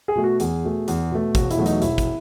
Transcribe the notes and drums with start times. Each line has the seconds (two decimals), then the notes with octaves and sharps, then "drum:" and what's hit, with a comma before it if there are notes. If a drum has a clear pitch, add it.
0.08 G#4
0.15 B2 A3
0.24 F#4
0.40 E2 G#4, drum: hi-hat
0.64 B2 A3
0.88 E2, drum: hi-hat
1.11 B2 A3
1.35 E1 F#4, drum: kick, hi-hat
1.51 E4, drum: hi-hat
1.58 E2 B2 F#3 A3
1.66 D#4, drum: hi-hat
1.82 E1 E4, drum: hi-hat
1.98 drum: kick, hi-hat